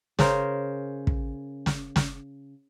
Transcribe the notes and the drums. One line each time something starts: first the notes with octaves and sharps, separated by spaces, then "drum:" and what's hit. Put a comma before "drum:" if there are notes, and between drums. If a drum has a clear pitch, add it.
C#3 A#4 C5, drum: snare
drum: kick
drum: snare
drum: snare